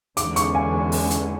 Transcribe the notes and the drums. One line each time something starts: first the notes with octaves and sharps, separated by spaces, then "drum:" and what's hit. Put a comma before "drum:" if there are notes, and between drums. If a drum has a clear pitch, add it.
E2 D3 G#3 C#4 D6, drum: hi-hat
C#6, drum: hi-hat
G#5
drum: open hi-hat
drum: hi-hat